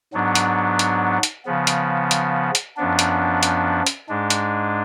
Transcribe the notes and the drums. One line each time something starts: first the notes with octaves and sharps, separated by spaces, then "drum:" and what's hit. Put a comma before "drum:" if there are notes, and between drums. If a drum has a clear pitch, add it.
G#2 F#3 B3 D4
drum: hi-hat
drum: hi-hat
drum: hi-hat
C#3 F3 B3
drum: hi-hat
drum: hi-hat
drum: hi-hat
F#2 F3 B3 D4
drum: hi-hat
drum: hi-hat
drum: hi-hat
G#2 G#3 D4
drum: hi-hat